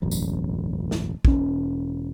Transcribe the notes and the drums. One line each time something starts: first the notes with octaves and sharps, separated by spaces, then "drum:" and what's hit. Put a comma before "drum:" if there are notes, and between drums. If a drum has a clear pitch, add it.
E1 A1 F#2
drum: tambourine
drum: snare
E1 C#4, drum: kick